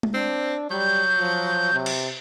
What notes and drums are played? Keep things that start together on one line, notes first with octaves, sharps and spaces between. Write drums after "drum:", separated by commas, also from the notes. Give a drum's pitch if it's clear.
drum: tom G#3
C4 D4
F#3 G3 G6
F3
C3
drum: cymbal